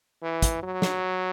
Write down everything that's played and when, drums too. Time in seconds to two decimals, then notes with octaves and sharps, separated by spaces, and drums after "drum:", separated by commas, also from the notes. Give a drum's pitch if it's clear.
0.22 E3
0.42 drum: kick, hi-hat
0.63 F#3
0.82 drum: snare